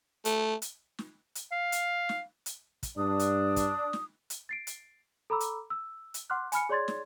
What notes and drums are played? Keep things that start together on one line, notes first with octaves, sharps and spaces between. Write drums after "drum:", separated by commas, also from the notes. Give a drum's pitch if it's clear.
A3, drum: hi-hat
drum: hi-hat
drum: snare
drum: hi-hat
F5
drum: hi-hat
drum: snare
drum: hi-hat
drum: kick, hi-hat
G2 D4 D#6
drum: hi-hat
drum: kick, hi-hat
drum: snare
drum: hi-hat
A6 C7 D7
drum: hi-hat
A4 A#5 B5 D6 E6
drum: hi-hat
E6
drum: hi-hat
F#5 C6 D6 F6 F#6
G#5 B5 F6 C#7, drum: hi-hat
G#4 C#5 D5 C6 G#6 A6
drum: snare